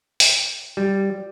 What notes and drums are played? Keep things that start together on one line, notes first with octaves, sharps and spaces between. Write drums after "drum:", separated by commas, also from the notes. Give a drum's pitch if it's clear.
drum: open hi-hat
G3